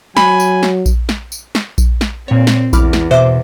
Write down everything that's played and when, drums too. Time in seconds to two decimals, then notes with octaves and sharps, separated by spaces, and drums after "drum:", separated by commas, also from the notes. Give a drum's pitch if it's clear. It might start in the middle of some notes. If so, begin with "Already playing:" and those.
0.17 F#3 G#5 B5, drum: snare
0.40 drum: tambourine
0.63 drum: snare
0.86 drum: kick A#1, tambourine
1.09 drum: snare
1.32 drum: tambourine
1.55 drum: snare
1.78 drum: kick A#1, tambourine
2.01 drum: snare
2.28 A#2 C4 C#5
2.47 drum: snare
2.73 E2 E4 B5 D6 F6, drum: kick A#1, tambourine
2.93 drum: snare
3.11 B2 C5 E5 D6